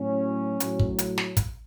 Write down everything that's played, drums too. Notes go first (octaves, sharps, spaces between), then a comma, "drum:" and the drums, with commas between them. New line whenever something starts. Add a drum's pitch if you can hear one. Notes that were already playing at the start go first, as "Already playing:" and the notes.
Already playing: A2 F#3 C#4
A2 F#3, drum: hi-hat
drum: kick
drum: hi-hat
drum: snare
drum: kick, hi-hat